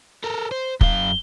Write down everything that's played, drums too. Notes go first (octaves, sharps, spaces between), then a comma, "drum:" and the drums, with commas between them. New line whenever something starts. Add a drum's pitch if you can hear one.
A4 A#4
C5
F#2 F5 G7, drum: kick